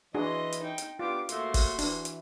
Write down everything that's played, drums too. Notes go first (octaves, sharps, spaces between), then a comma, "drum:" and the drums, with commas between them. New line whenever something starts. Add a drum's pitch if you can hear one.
E3 D4 F#4 G#4 D#5 C6
drum: hi-hat
D#4 G5
drum: hi-hat
B3 D4 F4 G4 F5 D6
C3 A3 A#3 F#4 C6, drum: hi-hat
drum: kick G1, open hi-hat
E3 D4, drum: open hi-hat
drum: hi-hat